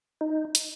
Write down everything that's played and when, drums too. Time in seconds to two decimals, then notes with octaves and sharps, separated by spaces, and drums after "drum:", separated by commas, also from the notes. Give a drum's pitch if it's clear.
0.21 D#4
0.55 drum: hi-hat